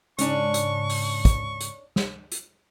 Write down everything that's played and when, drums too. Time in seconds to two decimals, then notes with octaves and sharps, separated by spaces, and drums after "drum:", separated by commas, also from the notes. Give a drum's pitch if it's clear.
0.19 G#2 C#3 C#4 D4 C#6, drum: hi-hat
0.54 drum: hi-hat
0.90 drum: open hi-hat
1.25 drum: kick, hi-hat
1.61 drum: hi-hat
1.96 drum: snare
2.32 drum: hi-hat